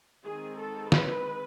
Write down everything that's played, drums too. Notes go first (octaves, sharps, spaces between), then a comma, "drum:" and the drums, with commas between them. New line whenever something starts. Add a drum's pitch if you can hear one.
D#3 G#3 C4 G#4
A4
B4, drum: snare